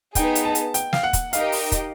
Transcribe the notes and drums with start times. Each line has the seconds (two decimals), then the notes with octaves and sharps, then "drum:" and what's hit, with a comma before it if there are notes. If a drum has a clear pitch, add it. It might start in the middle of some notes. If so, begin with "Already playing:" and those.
0.15 B3 D#4 G#4 G5, drum: kick, hi-hat
0.35 drum: hi-hat
0.45 A5
0.55 drum: hi-hat
0.74 G5, drum: hi-hat
0.93 F5, drum: snare
1.03 F#5
1.13 drum: kick, hi-hat
1.33 D#4 G4 A#4 D#5 F5 G5, drum: hi-hat
1.52 drum: open hi-hat
1.72 drum: kick, hi-hat